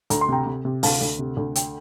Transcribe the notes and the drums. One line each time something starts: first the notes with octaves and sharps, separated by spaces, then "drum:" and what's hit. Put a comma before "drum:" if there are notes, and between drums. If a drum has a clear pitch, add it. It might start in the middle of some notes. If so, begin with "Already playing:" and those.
D2 A#5, drum: hi-hat
C6
C3 G5 A#5
C3
C3
D2 F5 A5, drum: open hi-hat
D2
C3
D2
G5, drum: hi-hat